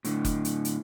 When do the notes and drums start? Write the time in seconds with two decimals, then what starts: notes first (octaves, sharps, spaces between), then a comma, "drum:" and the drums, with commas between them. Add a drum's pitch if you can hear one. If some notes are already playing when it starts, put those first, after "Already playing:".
0.05 A2 D3, drum: hi-hat
0.25 drum: kick F#1, hi-hat
0.45 drum: hi-hat
0.65 drum: hi-hat